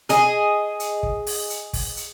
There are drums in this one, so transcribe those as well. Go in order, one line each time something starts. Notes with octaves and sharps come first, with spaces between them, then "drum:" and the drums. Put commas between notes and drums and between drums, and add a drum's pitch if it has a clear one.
G#4 D#5, drum: hi-hat
drum: hi-hat
drum: kick
drum: open hi-hat
drum: hi-hat
drum: kick, open hi-hat
drum: hi-hat